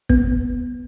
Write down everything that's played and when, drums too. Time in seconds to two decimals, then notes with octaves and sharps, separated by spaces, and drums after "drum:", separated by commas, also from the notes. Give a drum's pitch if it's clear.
0.09 B3, drum: kick